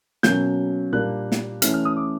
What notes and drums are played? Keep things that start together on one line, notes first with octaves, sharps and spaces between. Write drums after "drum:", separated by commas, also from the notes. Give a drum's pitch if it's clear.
B2 F#3 A#3 C#4 G6, drum: snare
A#2 G3 A#3 D4 F#6
drum: snare
E3 A3 C#4 F6, drum: hi-hat
F6
D#6
D6